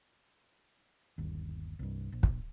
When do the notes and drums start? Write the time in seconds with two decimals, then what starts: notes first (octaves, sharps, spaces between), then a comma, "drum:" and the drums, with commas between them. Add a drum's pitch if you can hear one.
1.18 G1 D#2
1.79 C2 G2
2.12 A#1
2.23 drum: kick